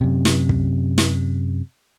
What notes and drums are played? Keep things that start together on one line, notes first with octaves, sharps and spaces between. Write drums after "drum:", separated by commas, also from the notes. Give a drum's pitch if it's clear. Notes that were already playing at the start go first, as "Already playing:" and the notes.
F#2 C3
drum: snare
drum: kick
drum: snare